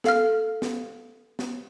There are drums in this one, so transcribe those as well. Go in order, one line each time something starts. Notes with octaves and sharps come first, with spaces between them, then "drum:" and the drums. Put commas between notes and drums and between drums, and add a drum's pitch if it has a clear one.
A4 F5 F6, drum: snare
drum: snare
drum: snare